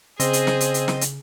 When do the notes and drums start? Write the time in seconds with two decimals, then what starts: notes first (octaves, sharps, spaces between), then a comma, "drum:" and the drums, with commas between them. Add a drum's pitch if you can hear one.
0.20 C#3 C4 G#4 C5 D#5, drum: hi-hat
0.33 drum: hi-hat
0.47 drum: snare
0.61 drum: hi-hat
0.74 drum: hi-hat
0.88 drum: snare
1.01 drum: hi-hat